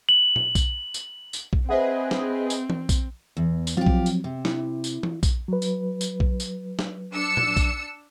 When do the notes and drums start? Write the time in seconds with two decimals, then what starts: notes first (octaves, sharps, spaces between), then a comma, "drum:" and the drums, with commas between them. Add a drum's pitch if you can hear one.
0.09 F#7
0.36 drum: tom A#2
0.55 drum: kick A#1, tambourine
0.94 drum: tambourine
1.33 drum: tambourine
1.53 drum: kick A#1
1.69 C4 G#4 B4 C5 D#5 E5 F#5
2.11 drum: snare
2.50 drum: tambourine
2.70 drum: tom E3
2.89 drum: kick A#1, tambourine
3.37 E2
3.67 drum: tambourine
3.77 F3 F#3 C4 F4 G4
3.86 drum: kick A#1
4.06 drum: tambourine
4.24 C3
4.45 E4, drum: snare
4.84 drum: tambourine
5.03 drum: tom E3
5.23 drum: kick A#1, tambourine
5.48 F#3 B4
5.62 drum: tambourine
6.01 drum: tambourine
6.20 drum: kick A#1
6.40 drum: tambourine
6.79 drum: snare
7.13 D4 E6 C#7
7.37 drum: tom A#2
7.57 drum: kick A#1, tambourine